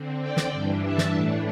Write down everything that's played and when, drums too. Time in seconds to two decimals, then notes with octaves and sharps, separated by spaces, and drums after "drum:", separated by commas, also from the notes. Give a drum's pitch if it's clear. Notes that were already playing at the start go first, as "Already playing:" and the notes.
Already playing: D3 C4
0.21 D5 G5
0.37 drum: snare
0.52 G2 E3 G3 D4
0.83 E5 A5
0.98 drum: snare
1.14 A2 E3 A3 D4